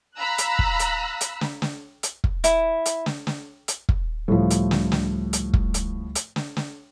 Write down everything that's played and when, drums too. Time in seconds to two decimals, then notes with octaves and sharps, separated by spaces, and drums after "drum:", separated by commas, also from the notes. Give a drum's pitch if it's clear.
0.18 F5 A#5 B5 E6 F#6
0.38 drum: hi-hat
0.59 drum: kick
0.79 drum: hi-hat
1.21 drum: hi-hat
1.41 drum: snare
1.62 drum: snare
2.03 drum: hi-hat
2.24 drum: kick
2.44 E4, drum: hi-hat
2.86 drum: hi-hat
3.06 drum: snare
3.27 drum: snare
3.68 drum: hi-hat
3.89 drum: kick
4.28 C#2 A2 F3 G3
4.50 drum: hi-hat
4.71 drum: snare
4.92 drum: snare
5.33 drum: hi-hat
5.53 drum: kick
5.74 drum: hi-hat
6.15 drum: hi-hat
6.36 drum: snare
6.57 drum: snare